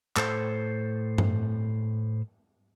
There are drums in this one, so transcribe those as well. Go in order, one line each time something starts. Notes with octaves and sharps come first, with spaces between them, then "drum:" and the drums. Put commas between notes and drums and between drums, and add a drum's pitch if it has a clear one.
A2 A4 C5, drum: clap
drum: tom G2